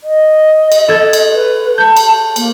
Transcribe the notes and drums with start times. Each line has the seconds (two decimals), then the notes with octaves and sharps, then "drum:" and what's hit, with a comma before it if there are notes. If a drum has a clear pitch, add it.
0.03 D#5
0.72 drum: cymbal
0.88 A4 G#6
1.13 drum: cymbal
1.34 B4
1.78 A5 G6
1.97 drum: cymbal
2.36 A#3, drum: cymbal